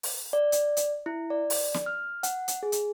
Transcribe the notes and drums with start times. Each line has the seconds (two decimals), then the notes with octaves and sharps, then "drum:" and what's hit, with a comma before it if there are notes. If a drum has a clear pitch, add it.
0.03 drum: open hi-hat
0.33 D5
0.52 drum: hi-hat
0.77 drum: hi-hat
1.06 E4
1.30 D5
1.50 drum: open hi-hat
1.74 drum: snare
1.86 F6
2.23 F#5, drum: hi-hat
2.48 drum: hi-hat
2.63 G#4
2.72 drum: hi-hat